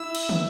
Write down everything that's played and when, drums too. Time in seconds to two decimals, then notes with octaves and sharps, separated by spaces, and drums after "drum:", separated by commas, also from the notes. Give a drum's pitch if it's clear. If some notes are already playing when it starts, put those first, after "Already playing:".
Already playing: E4 E6
0.15 drum: cymbal
0.29 drum: tom